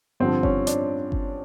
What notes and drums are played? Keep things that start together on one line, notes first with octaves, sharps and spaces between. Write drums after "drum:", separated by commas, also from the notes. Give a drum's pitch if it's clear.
G2 D3 F3 C4
C#4, drum: kick G1
D4, drum: hi-hat
drum: kick G1